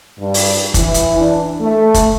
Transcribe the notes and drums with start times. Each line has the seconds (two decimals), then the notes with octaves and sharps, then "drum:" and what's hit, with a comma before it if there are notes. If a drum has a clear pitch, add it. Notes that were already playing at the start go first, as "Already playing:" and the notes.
0.19 G2
0.34 drum: open hi-hat
0.74 E3, drum: kick, hi-hat
0.94 drum: hi-hat
1.18 D4
1.60 A3
1.94 drum: kick, hi-hat